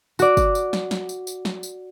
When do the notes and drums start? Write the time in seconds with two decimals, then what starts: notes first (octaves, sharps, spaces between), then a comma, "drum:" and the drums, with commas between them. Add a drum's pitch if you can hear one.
0.19 F#4 D5, drum: tambourine
0.37 drum: kick, tambourine
0.55 drum: tambourine
0.73 drum: snare
0.91 drum: snare
1.09 drum: tambourine
1.27 drum: tambourine
1.45 drum: snare
1.63 drum: tambourine